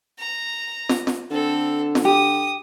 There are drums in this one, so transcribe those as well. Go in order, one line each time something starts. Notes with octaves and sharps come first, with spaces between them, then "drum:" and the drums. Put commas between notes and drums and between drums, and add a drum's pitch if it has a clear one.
A#5
drum: snare
drum: snare
D3 C4 A4
drum: snare
G4 D#6